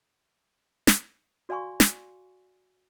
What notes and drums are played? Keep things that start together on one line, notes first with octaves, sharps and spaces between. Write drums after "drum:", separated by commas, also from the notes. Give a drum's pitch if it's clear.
drum: snare
F#4 D5 F5 G#5 C6 C#6
drum: snare